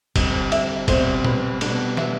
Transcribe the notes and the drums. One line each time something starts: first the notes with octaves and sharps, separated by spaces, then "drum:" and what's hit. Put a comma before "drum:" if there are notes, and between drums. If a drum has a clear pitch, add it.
D3 G3 C4, drum: kick F#1, cymbal
E5, drum: cymbal
B2 G3 C4 C5, drum: kick F#1, cymbal
B4, drum: tom A#2
B2 G3 B3 D4, drum: cymbal
E5, drum: snare